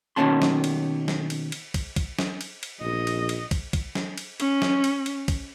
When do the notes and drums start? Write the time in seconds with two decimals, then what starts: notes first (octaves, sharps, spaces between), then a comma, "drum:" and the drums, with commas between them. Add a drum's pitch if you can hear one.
0.16 B2 D#3 A#3 C#4 A5 C6
0.42 drum: snare
0.64 drum: cymbal
1.08 drum: snare
1.30 drum: cymbal
1.52 drum: cymbal
1.74 drum: kick, cymbal
1.96 drum: kick, cymbal
2.19 drum: snare
2.41 drum: cymbal
2.63 drum: cymbal
2.81 A#1 D#5
3.07 drum: cymbal
3.29 drum: cymbal
3.51 drum: kick, cymbal
3.73 drum: kick, cymbal
3.95 drum: snare
4.18 drum: cymbal
4.40 C#4, drum: cymbal
4.62 drum: snare
4.84 drum: cymbal
5.06 drum: cymbal
5.28 drum: kick, cymbal